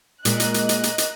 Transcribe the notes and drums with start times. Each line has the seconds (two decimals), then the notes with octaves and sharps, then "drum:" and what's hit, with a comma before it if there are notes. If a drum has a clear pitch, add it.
0.25 A#2 G#3 A#3 A#4 D#5 F#6, drum: hi-hat
0.40 drum: hi-hat
0.54 drum: hi-hat
0.69 drum: hi-hat
0.83 drum: hi-hat
0.98 drum: hi-hat